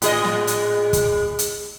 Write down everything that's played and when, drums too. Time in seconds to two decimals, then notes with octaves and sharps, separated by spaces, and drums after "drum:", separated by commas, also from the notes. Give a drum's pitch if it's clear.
0.02 A2 G#4 D#5, drum: hi-hat
0.24 drum: snare
0.47 drum: hi-hat
0.93 drum: kick, hi-hat
1.39 drum: hi-hat